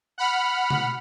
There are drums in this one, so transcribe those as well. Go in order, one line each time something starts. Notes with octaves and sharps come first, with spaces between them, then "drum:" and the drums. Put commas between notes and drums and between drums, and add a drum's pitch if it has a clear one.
F#5 B5 F6
drum: tom B2